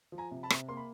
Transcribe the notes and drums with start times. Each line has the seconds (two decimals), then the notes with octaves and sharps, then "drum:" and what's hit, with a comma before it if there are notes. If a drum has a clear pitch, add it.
0.12 F3
0.18 G#5 A#5
0.31 C3
0.43 A5 B5
0.50 C3, drum: rim click
0.69 A#3 C6
0.77 B5